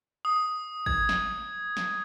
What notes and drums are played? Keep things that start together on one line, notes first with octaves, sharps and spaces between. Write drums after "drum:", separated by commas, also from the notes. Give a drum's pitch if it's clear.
D#6
G#6, drum: kick G#1
drum: snare
drum: snare